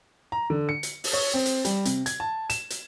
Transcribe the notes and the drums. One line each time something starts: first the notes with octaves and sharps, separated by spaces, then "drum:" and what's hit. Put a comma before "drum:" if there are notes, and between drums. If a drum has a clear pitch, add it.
A#5
D3
C#7
drum: hi-hat
drum: open hi-hat
C#5
C4
drum: hi-hat
G3, drum: hi-hat
C3, drum: hi-hat
G#6, drum: hi-hat
A5
E7, drum: hi-hat
drum: hi-hat